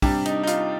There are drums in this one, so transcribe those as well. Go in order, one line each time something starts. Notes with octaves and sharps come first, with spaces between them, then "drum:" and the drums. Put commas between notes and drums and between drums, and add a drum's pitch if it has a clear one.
C3 G3 D4, drum: kick, open hi-hat
D#4, drum: hi-hat
D#4
F4, drum: hi-hat